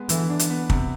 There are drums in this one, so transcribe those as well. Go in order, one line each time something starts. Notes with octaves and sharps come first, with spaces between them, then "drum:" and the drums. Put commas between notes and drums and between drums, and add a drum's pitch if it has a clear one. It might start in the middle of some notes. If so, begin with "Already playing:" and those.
Already playing: G#3 B3
D3 E3, drum: hi-hat
D4
drum: hi-hat
B3
C3, drum: kick